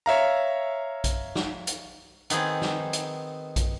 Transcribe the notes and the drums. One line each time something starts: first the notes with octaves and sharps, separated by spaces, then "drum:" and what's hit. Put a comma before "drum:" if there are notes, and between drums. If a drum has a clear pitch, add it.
C#5 E5 F5 A#5
drum: kick A#1, hi-hat
drum: snare
drum: hi-hat
D#3 B3 C4 G#4, drum: hi-hat
drum: snare
drum: hi-hat
drum: kick A#1, hi-hat